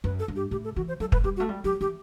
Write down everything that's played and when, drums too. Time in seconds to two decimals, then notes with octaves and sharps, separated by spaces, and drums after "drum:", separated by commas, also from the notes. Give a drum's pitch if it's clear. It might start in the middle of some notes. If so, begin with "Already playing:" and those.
0.04 F#2 B4
0.19 A4
0.28 G2
0.36 G4
0.51 A2 G4
0.64 A4
0.76 E3 F#4
0.88 C5
1.00 F#3 A4
1.12 B4, drum: kick
1.24 G3 G4
1.37 F#4
1.40 A3
1.49 G3
1.64 F#3 G4
1.81 E3 G4